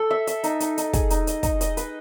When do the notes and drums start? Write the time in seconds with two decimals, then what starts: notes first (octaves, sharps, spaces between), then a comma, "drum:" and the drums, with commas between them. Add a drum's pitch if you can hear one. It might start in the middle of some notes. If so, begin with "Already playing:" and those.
Already playing: A4
0.11 E5
0.27 E5, drum: hi-hat
0.44 D#4, drum: hi-hat
0.60 D#4, drum: hi-hat
0.78 D#4, drum: hi-hat
0.93 G#4, drum: kick, hi-hat
1.10 D#4, drum: hi-hat
1.27 D#5, drum: hi-hat
1.43 D#4, drum: kick, hi-hat
1.61 D#5, drum: hi-hat
1.77 B4, drum: hi-hat